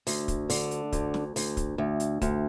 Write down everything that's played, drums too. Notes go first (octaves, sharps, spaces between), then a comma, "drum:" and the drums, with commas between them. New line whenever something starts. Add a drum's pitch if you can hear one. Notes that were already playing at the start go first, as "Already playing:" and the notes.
D2, drum: open hi-hat
drum: kick, hi-hat
D3, drum: open hi-hat
drum: hi-hat
D2, drum: kick, hi-hat
drum: snare
D2, drum: open hi-hat
drum: kick, hi-hat
D2
drum: hi-hat
D2, drum: kick, hi-hat